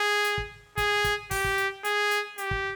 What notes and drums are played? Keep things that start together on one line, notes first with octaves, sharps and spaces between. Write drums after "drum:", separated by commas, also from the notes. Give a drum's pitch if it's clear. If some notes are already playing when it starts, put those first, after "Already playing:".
Already playing: G#4
drum: hi-hat
drum: kick
G#4, drum: kick, hi-hat
drum: kick, hi-hat
G4, drum: kick, open hi-hat
drum: kick
drum: hi-hat
G#4, drum: hi-hat
drum: hi-hat
G4, drum: hi-hat
drum: kick